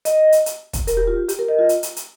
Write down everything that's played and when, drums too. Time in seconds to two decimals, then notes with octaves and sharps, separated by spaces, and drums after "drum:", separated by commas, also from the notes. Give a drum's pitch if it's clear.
0.05 D#5, drum: hi-hat
0.32 drum: hi-hat
0.46 drum: hi-hat
0.73 drum: kick, hi-hat
0.87 A#4, drum: hi-hat
0.97 G4
1.07 F4
1.29 G4, drum: hi-hat
1.39 A#4
1.48 D#5
1.59 F4
1.69 drum: hi-hat
1.83 drum: hi-hat
1.96 drum: hi-hat